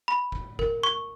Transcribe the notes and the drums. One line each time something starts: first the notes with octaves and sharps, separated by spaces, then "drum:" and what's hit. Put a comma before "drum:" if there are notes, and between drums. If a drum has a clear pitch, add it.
B5
drum: kick
A#4, drum: kick
C#6